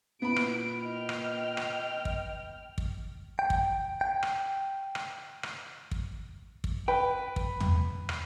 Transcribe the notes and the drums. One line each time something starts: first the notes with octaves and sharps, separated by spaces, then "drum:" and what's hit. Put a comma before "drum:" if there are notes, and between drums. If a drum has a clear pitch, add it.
A#2 B3 E4 B5 D7
drum: rim click
D#5 G5 F6
drum: rim click
drum: rim click
drum: kick
drum: kick
G5
drum: kick
G5
drum: rim click
drum: rim click
drum: rim click
drum: kick
drum: kick
B4 G5
drum: kick
drum: tom
drum: rim click